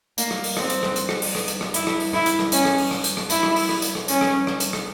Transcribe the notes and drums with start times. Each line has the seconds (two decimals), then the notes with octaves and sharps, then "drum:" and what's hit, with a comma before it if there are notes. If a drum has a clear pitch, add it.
0.18 A#3, drum: hi-hat
0.31 drum: rim click
0.44 drum: open hi-hat
0.57 C4, drum: rim click
0.70 drum: hi-hat
0.83 drum: rim click
0.96 drum: hi-hat
1.09 drum: rim click
1.22 drum: open hi-hat
1.35 drum: rim click
1.48 drum: hi-hat
1.61 drum: rim click
1.74 E4, drum: hi-hat
1.87 drum: rim click
2.00 drum: open hi-hat
2.13 E4, drum: rim click
2.26 drum: hi-hat
2.39 drum: rim click
2.52 C#4, drum: hi-hat
2.65 drum: rim click
2.78 drum: open hi-hat
2.91 drum: rim click
3.04 drum: hi-hat
3.17 drum: rim click
3.30 E4, drum: hi-hat
3.43 drum: rim click
3.56 drum: open hi-hat
3.69 drum: rim click
3.82 drum: hi-hat
3.95 drum: rim click
4.08 C#4, drum: hi-hat
4.21 drum: rim click
4.47 drum: rim click
4.60 drum: hi-hat
4.73 drum: rim click